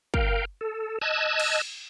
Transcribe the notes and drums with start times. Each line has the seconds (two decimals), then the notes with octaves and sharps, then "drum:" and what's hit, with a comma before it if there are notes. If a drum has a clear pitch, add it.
0.14 A#4 F5 G5, drum: kick
0.61 A4
1.01 D#5 A5 E6 F#6 G#6
1.40 drum: cymbal